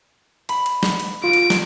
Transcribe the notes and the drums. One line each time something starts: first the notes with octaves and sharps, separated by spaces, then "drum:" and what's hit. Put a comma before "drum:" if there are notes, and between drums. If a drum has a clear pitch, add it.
B5, drum: cymbal
drum: cymbal
drum: snare
drum: cymbal
F4 D7
drum: cymbal
drum: snare